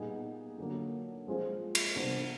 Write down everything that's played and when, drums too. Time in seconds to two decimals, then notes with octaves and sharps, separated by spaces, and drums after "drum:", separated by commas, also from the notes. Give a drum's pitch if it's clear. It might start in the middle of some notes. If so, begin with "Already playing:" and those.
Already playing: A#2 G3 B3 D#4 G#4
0.58 D3 F#3 A#3
1.27 F3 G#3 C4 F4 G#4
1.75 drum: cymbal
1.96 C3 E3 G3 B3 D4